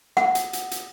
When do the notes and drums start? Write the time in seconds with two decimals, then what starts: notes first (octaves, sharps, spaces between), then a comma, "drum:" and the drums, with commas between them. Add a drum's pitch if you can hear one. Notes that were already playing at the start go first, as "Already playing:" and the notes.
0.17 F#5, drum: rim click
0.35 drum: hi-hat
0.53 drum: hi-hat
0.71 drum: hi-hat